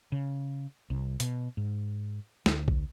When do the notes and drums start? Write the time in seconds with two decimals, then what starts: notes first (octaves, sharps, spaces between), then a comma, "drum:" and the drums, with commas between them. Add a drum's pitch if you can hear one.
0.12 C#3
0.90 C2
1.20 B2, drum: hi-hat
1.57 G#2
2.46 D2, drum: snare
2.68 drum: kick A#1